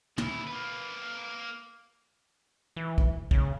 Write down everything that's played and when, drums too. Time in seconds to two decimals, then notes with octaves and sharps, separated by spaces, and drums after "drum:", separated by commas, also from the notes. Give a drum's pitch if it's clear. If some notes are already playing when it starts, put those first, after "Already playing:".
0.18 C#3 E4, drum: tom
0.47 A#3 B4
2.76 E3
2.98 drum: kick
3.31 C#3, drum: kick